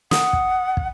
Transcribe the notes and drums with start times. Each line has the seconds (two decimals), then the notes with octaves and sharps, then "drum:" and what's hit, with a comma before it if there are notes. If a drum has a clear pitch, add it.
0.11 F#5 D#6, drum: snare
0.33 drum: kick
0.77 drum: kick